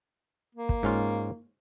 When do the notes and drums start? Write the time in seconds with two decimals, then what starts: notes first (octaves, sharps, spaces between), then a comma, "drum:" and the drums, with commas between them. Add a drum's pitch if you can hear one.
0.55 A#3
0.69 drum: kick
0.83 G#2 C#4 F4